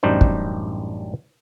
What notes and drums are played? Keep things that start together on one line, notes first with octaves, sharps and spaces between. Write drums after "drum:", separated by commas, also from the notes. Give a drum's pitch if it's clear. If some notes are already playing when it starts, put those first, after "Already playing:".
A1 F#2 G3 D4 D#4 C5
drum: kick